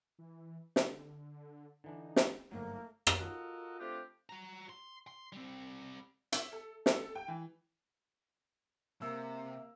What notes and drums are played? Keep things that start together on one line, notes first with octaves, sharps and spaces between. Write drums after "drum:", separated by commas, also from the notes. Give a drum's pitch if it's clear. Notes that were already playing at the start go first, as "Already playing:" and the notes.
E3
D3, drum: snare
D3 E3 D4 D#4
drum: snare
G1 G#2 F#3 A3 A#3
drum: rim click
F4 F#4 A4 A#4 D#5 F#5
A3 C4 D4 F4 G4
F#4 A#5
C6
C6
G3 C4
E5, drum: hi-hat
A4
A4, drum: snare
G5
E3
C3 A#3 E5 E6